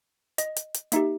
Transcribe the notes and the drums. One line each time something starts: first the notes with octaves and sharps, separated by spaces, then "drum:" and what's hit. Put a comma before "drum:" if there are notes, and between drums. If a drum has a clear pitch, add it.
D#5, drum: hi-hat
drum: hi-hat
drum: hi-hat
A#3 D#4 G4 E5, drum: hi-hat